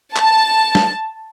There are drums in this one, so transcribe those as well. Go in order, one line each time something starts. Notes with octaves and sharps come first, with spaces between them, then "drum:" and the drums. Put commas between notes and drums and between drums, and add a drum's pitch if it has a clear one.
A5, drum: clap
drum: snare